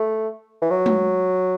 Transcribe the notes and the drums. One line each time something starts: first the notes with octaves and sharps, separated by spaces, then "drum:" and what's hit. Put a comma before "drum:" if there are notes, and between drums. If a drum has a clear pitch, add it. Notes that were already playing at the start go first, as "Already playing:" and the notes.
Already playing: A3
E3
F#3
drum: tom G#3